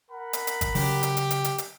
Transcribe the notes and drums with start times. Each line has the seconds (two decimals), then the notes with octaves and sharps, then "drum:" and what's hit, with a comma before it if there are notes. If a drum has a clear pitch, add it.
0.11 A#4 F#5 B5
0.33 drum: hi-hat
0.47 drum: hi-hat
0.61 drum: kick G1, hi-hat
0.75 C#3 F#3 G4, drum: open hi-hat
1.03 drum: hi-hat
1.17 drum: hi-hat
1.31 drum: hi-hat
1.44 drum: hi-hat
1.58 drum: hi-hat